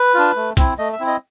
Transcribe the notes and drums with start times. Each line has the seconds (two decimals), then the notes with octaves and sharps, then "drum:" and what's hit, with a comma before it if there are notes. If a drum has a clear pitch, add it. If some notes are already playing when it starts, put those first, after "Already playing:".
Already playing: B4
0.14 D4 F4
0.36 A3
0.57 C4 E4, drum: kick B1, hi-hat
0.78 A3 D#5
0.93 E5
1.00 C4 E4
1.07 D#5